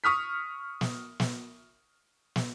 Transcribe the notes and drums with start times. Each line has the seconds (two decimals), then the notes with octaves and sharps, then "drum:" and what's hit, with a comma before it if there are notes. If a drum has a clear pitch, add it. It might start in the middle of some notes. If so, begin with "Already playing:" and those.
0.04 C#6 D#6 F6 B6
0.81 drum: snare
1.20 drum: snare
2.36 drum: snare